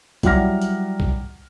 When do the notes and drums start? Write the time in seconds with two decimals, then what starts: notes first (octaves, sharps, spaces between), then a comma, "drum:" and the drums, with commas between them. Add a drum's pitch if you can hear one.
0.23 F#3 G3 E4 F#5 F6 A#6, drum: kick B1, hi-hat
0.62 drum: hi-hat
1.00 drum: kick B1